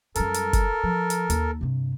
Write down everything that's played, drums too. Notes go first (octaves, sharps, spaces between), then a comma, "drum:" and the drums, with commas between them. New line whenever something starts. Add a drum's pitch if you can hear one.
F#2 G3 A4 A#4, drum: hi-hat
drum: hi-hat
drum: kick F#1, hi-hat
F3
drum: hi-hat
D#2, drum: hi-hat
G2 C3